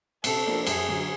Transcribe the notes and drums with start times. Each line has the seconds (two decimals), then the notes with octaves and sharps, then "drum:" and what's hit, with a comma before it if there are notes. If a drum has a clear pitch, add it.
0.24 C3 A4, drum: cymbal
0.46 F3 A#3 D4
0.66 F#2 G#4, drum: cymbal
0.89 D3 F#3